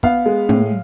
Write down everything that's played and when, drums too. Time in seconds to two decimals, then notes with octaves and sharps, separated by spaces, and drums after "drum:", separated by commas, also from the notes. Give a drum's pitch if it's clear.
0.03 B3 F5, drum: kick
0.26 G#3
0.49 A2, drum: tom